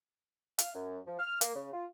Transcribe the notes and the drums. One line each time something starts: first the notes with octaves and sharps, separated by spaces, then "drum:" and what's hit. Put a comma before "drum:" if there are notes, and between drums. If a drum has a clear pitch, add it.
F5, drum: hi-hat
F#2
F3
F6
A#3, drum: hi-hat
C#3
F4